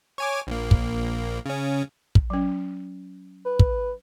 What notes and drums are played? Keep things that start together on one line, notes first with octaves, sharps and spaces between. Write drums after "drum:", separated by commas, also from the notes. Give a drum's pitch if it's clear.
C#5 G#5 D6
A#1 A#3
drum: kick
C#3 C#4
drum: kick
F#3 C#4
B4
drum: kick